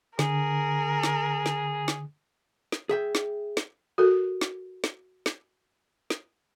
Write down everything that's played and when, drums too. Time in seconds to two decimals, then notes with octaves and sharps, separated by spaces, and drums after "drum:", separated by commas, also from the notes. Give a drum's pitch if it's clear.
0.19 D3 G#4 A#4, drum: snare
1.03 drum: snare
1.46 drum: snare
1.88 drum: snare
2.72 drum: snare
2.89 G#4 E5 G5
3.15 drum: snare
3.57 drum: snare
3.98 F#4 A4 A#4
4.41 drum: snare
4.84 drum: snare
5.26 drum: snare
6.10 drum: snare